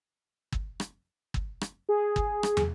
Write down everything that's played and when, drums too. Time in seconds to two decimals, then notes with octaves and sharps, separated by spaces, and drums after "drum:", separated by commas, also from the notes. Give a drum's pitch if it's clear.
0.52 drum: kick
0.80 drum: rim click
1.34 drum: kick
1.61 drum: rim click
1.89 G#4
2.16 drum: kick
2.43 drum: rim click
2.57 drum: tom